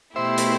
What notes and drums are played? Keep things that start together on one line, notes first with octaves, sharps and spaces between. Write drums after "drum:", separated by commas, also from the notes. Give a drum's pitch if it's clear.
B2 A3 E4 G4 C5 E5
drum: hi-hat